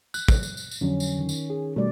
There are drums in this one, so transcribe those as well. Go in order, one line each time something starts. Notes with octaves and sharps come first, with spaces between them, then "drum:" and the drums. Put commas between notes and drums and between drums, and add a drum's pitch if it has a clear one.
F#6, drum: tambourine
drum: kick, tambourine
drum: tambourine
drum: tambourine
drum: tambourine
F2 D3 F#3 C#4
drum: tambourine
D#3
drum: tambourine
G#4
B2 G3 A3 D5